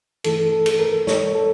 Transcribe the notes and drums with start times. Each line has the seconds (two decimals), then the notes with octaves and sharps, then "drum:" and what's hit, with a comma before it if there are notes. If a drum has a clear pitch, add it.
0.24 G2 E3 A3 E4 A4, drum: cymbal
0.52 A4
0.66 drum: cymbal
0.79 A#4
1.07 C#5, drum: snare
1.35 A4